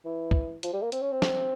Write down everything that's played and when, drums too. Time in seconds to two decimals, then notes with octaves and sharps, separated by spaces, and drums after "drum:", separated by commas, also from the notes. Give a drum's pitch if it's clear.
0.05 E3
0.31 drum: kick
0.63 F3, drum: hi-hat
0.73 G3
0.82 A#3
0.92 C4, drum: hi-hat
1.01 C#4
1.12 C4
1.22 drum: snare